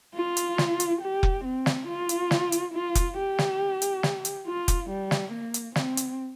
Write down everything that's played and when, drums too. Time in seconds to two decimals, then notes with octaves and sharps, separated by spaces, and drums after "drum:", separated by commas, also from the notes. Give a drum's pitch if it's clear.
0.15 F4
0.37 drum: hi-hat
0.58 drum: snare
0.80 drum: hi-hat
1.01 G4
1.23 drum: kick F1
1.45 C4
1.66 drum: snare
1.88 F4
2.09 drum: hi-hat
2.31 drum: snare
2.52 drum: hi-hat
2.74 F4
2.95 drum: kick F1, hi-hat
3.17 G4
3.38 drum: snare
3.82 drum: hi-hat
4.03 drum: snare
4.25 drum: hi-hat
4.47 F4
4.68 drum: kick F1, hi-hat
4.90 G3
5.11 drum: snare
5.32 A#3
5.54 drum: hi-hat
5.76 C4, drum: snare
5.97 drum: hi-hat